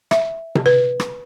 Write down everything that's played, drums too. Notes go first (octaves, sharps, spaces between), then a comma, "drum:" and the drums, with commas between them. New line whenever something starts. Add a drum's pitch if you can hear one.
E5, drum: rim click
drum: tom C3
B4
drum: rim click